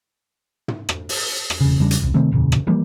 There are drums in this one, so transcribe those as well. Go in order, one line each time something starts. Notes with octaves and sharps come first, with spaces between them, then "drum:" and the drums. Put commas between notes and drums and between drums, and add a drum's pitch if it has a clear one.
drum: tom
drum: rim click
drum: open hi-hat
drum: rim click
E1 C#3
E2 C#3 G3 D4
drum: hi-hat
E1 C2
C3 D#3 A3 C4
D1 E2 A#2 C#3
drum: rim click
E3 F3 G3 A#3